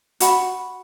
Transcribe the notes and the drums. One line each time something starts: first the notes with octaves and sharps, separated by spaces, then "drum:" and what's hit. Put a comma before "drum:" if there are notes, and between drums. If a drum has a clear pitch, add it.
F#4 F#5 B5, drum: hi-hat